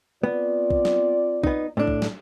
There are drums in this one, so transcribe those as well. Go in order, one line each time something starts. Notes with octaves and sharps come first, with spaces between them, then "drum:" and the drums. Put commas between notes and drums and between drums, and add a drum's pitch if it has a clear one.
B3 C4 F4 D5
drum: kick
drum: snare
B3 D#4, drum: kick
A2 D4
drum: kick
drum: snare